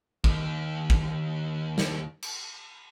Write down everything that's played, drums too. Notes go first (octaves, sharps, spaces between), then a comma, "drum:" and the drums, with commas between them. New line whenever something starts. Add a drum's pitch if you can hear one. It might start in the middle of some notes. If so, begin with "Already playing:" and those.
D#2 D#3, drum: kick
drum: kick
drum: snare
drum: cymbal